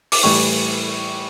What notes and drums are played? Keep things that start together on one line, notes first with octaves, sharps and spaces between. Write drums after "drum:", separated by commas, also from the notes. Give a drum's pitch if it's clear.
D6, drum: open hi-hat
A2 E3 G3 C#6